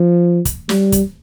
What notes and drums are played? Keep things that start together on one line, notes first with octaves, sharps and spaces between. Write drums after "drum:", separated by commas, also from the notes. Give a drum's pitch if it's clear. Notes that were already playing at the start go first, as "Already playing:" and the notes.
Already playing: F3
drum: kick, hi-hat
G3, drum: snare
drum: kick, hi-hat